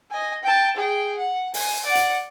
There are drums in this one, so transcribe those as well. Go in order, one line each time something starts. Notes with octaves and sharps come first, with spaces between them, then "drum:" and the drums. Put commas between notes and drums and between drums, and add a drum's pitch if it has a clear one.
D#5 G#5
G5 A5
G#4 G5
F#5
G#5, drum: open hi-hat
D5 F#5
drum: hi-hat